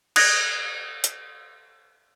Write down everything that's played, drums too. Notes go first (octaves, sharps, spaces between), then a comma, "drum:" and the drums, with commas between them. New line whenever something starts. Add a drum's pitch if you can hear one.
D#6 F#6 G#6 A#6, drum: cymbal
drum: hi-hat